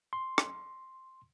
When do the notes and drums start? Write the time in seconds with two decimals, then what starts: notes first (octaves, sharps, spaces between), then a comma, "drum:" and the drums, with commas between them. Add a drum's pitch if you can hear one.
0.13 C6
0.38 drum: rim click